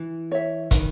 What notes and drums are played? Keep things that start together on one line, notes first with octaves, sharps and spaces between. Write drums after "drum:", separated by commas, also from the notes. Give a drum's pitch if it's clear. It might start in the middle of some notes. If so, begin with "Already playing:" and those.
Already playing: E3
C#5 E5
D#3 B4, drum: kick, hi-hat